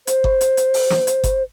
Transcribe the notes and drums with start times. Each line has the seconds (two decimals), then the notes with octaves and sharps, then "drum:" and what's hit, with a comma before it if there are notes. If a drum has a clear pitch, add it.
0.07 C5, drum: hi-hat
0.24 drum: kick G1
0.41 drum: hi-hat
0.57 drum: hi-hat
0.74 drum: open hi-hat
0.90 drum: snare
1.07 drum: hi-hat
1.24 drum: kick G1, hi-hat